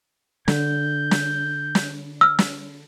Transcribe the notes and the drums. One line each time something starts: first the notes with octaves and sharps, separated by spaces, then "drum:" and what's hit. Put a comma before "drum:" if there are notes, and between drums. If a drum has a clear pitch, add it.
D3 G6, drum: snare
drum: snare
drum: snare
E6 F6
drum: snare